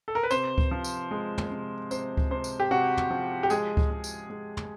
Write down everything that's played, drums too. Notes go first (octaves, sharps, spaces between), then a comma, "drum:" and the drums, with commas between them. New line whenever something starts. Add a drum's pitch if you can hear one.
A4
A#4
B4
C3 C5, drum: tambourine
drum: kick C#2
F3
drum: tambourine
G#3
drum: tom
C3
C3 C5, drum: tambourine
drum: kick C#2
C3 C5
drum: tambourine
G4
C3 F#4
drum: tom
F3
G4
G#3 G#4, drum: tambourine
drum: kick C#2
G#3
drum: tambourine
G#3
drum: tom